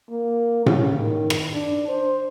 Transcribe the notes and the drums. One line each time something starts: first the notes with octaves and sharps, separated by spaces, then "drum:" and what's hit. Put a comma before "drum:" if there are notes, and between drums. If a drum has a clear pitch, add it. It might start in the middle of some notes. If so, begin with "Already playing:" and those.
A#3
C#3, drum: tom A2
D#3
drum: rim click
D4
C5